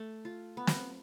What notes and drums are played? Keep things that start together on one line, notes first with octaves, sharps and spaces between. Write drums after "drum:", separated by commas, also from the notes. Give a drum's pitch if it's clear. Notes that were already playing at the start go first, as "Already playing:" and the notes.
Already playing: A3
F4
B3
drum: snare